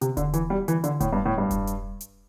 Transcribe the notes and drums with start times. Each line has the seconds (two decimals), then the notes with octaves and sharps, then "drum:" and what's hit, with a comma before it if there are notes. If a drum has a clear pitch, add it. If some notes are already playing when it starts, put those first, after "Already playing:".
0.01 C3, drum: hi-hat
0.17 D3, drum: kick E1, hi-hat
0.33 E3, drum: hi-hat
0.50 G3
0.68 E3, drum: hi-hat
0.84 D3, drum: hi-hat
1.00 A2, drum: kick E1, hi-hat
1.13 G2
1.26 A2
1.38 G2
1.51 drum: kick E1, hi-hat
1.67 drum: hi-hat
2.01 drum: hi-hat